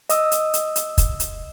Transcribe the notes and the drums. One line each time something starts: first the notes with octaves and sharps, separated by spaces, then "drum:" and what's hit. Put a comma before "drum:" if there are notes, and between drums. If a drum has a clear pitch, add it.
D#5 D#6 E6, drum: hi-hat
drum: hi-hat
drum: hi-hat
drum: hi-hat
drum: kick, hi-hat
drum: hi-hat